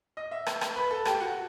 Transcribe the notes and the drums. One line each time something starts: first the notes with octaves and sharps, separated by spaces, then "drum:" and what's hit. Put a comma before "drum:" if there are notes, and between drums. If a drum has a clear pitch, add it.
D#5 D#6
E5 E6
drum: rim click
drum: rim click
B4 B5
A4 A5
G4 G5, drum: rim click
F#4 F#5